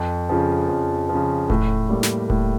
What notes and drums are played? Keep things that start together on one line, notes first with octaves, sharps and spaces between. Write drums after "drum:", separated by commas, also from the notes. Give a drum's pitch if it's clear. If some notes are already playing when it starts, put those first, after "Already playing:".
Already playing: F2
C#3 F3
F2
C#3 F3
A2, drum: kick D#1
G3 A#3
drum: snare
A2, drum: kick D#1